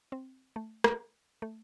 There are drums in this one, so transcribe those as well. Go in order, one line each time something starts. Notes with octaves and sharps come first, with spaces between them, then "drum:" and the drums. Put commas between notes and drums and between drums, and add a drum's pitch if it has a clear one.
C4
A3
drum: rim click
A3